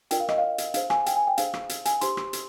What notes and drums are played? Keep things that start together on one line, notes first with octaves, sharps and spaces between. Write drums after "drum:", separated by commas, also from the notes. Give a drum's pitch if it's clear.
D4 F4 A#4 D5 G5, drum: hi-hat
F5
D#5, drum: rim click
F5
drum: hi-hat
D4 G#4 C5 F5, drum: hi-hat
G#5, drum: rim click
G5, drum: hi-hat
G#5
G5
D4 G#4 C5 F5, drum: hi-hat
drum: rim click
drum: hi-hat
G#5, drum: hi-hat
D4 G4 C5 C6, drum: hi-hat
drum: rim click
drum: hi-hat